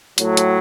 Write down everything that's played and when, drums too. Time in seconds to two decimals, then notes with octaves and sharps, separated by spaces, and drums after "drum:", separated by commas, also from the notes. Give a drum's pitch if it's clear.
0.18 A2 F#3 A3, drum: hi-hat
0.37 drum: hi-hat